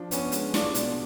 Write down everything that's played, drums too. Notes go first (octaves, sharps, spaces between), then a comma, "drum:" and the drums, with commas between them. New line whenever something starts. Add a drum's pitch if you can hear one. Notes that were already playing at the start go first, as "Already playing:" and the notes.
Already playing: F3 D4
B3 C#4, drum: hi-hat
G#3, drum: hi-hat
D4 F4, drum: snare
B2, drum: hi-hat